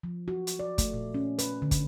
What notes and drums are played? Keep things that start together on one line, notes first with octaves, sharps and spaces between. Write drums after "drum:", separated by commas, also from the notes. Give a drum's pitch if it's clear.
F3
F#4
drum: hi-hat
D5
A3, drum: kick, hi-hat
A#2
C#4
B4, drum: hi-hat
D3
drum: kick, hi-hat